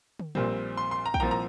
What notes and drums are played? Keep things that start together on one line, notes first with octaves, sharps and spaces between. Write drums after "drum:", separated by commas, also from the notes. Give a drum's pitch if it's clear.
drum: tom
A#1 A#2 G3 C4, drum: tom A#2
C6
C6
A#5
G5, drum: kick
C2 A#2 F3 C4 A#5
A#5